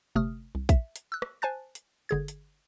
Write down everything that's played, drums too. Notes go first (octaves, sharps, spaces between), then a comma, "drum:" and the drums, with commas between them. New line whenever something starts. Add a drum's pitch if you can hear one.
G1 C3 A3 D#6 F6
C2
E5, drum: kick, hi-hat
drum: hi-hat
E6 F#6
drum: rim click
C5 G#5 A5 F#6 A6
drum: hi-hat
G1 D3 G#4 G#6
drum: hi-hat